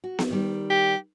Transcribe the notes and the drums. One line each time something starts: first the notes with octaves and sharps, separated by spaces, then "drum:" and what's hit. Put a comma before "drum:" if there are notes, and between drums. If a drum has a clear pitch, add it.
F#4
drum: snare B3
D#3 G3
G4